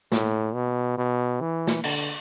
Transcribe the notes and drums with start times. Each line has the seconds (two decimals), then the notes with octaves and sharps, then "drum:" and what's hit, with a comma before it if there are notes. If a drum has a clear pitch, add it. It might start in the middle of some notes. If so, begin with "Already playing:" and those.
0.12 A2, drum: snare
0.54 B2
0.97 B2
1.41 E3
1.67 drum: snare
1.84 D3, drum: cymbal